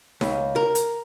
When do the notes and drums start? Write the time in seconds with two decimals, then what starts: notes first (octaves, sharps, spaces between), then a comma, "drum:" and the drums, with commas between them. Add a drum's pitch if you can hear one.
0.21 C#2, drum: snare D#4
0.56 A#4
0.75 drum: hi-hat